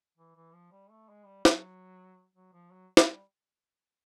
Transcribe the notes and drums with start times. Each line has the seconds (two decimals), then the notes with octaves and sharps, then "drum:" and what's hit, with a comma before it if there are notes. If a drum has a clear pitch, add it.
0.18 E3
0.36 E3
0.53 F3
0.72 G3
0.91 A3
1.09 G#3
1.26 G3
1.45 F#3, drum: snare
2.36 F#3
2.53 F3
2.71 F#3
2.97 drum: snare
3.08 G3